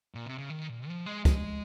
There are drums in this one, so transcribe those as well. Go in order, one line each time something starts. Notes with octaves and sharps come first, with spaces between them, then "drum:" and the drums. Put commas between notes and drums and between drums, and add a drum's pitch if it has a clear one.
A#2
C3
C#3
D#3
A#2
F3
G#3
G#3, drum: kick, hi-hat